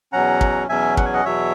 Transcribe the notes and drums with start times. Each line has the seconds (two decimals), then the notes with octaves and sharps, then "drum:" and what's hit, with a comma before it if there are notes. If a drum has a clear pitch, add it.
0.12 E2 B2 F#3 C#4 F#5 A#5
0.41 drum: kick
0.69 E2 B2 F#3 C#4 E5 G#5
0.97 F#5, drum: kick
1.06 G#5
1.14 D#5 F#5
1.25 E2 B2 F#3 C#5 E5